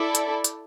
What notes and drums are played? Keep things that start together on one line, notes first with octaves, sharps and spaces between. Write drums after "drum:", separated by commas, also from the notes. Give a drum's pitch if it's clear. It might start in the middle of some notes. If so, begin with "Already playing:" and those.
Already playing: E4 A4 D5
drum: hi-hat
drum: hi-hat